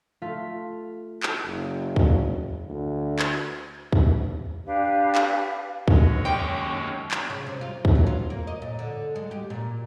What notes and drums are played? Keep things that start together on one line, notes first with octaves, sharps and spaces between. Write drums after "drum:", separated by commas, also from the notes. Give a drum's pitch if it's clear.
A3 F4 F5 B6
drum: clap
F#1
drum: kick
D2
drum: clap
drum: kick
D4 G4 B4 F5
drum: clap
F#2 G#3 C#5, drum: kick
D#2 C#4 G5
drum: clap
C#3
C3
F4
drum: kick
F#3
F4
A#3
D#5
A#2
D3
G#3
G4
A#2